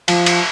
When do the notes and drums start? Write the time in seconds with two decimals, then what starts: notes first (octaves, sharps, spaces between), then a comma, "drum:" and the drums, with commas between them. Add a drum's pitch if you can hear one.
0.08 F3, drum: cymbal
0.26 drum: cymbal